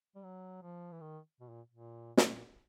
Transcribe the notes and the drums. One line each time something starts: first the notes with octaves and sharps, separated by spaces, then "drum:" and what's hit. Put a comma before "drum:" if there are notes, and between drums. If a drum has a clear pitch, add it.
G3
F#3
F3
E3
D#3
B2
A#2
A#2
B2, drum: snare
A#2